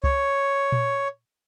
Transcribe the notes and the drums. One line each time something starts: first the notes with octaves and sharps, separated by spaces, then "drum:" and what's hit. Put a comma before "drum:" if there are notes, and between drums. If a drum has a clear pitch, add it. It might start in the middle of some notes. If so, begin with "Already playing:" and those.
C#5, drum: kick C2
drum: tom A#2